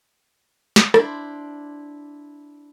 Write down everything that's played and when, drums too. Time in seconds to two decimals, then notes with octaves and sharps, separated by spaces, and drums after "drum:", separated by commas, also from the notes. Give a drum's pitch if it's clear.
0.76 drum: snare
0.94 D4 E4 C5, drum: rim click